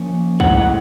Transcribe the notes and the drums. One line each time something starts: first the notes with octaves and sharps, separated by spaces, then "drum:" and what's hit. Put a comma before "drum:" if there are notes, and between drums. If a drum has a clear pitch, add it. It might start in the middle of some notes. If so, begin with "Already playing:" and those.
Already playing: F3 A#3 C#4
A2 E3 G#3 F#5, drum: kick
F#5